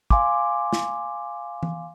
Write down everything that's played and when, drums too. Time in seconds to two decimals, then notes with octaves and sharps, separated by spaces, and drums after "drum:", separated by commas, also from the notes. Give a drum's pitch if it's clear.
0.10 F5 G#5 C6 D6, drum: kick
0.73 drum: snare
1.63 drum: tom E3